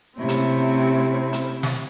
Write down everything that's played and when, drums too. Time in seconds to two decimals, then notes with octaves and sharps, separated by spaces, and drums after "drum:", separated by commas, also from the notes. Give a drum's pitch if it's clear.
0.18 C3 A3 C4 C#4 E4
0.29 drum: hi-hat
1.33 drum: hi-hat
1.63 drum: snare